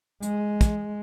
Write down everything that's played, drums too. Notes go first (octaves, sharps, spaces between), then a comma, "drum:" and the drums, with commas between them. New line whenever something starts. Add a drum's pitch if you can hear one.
G#3, drum: hi-hat
drum: kick, hi-hat